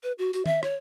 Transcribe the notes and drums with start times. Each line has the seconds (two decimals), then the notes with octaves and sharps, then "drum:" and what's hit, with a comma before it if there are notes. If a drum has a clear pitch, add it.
0.03 B4
0.18 F#4
0.33 F#4, drum: hi-hat
0.46 E5, drum: tom D#3
0.63 C#5, drum: rim click